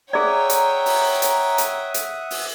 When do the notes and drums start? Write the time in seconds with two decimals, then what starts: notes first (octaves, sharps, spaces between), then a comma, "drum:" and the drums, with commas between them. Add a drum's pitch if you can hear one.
0.13 G#4 C#5 D5 E5 F#5 G5 A#5 D#6
0.50 drum: hi-hat
0.86 drum: open hi-hat
1.22 drum: hi-hat
1.58 drum: hi-hat
1.94 drum: hi-hat
2.31 drum: open hi-hat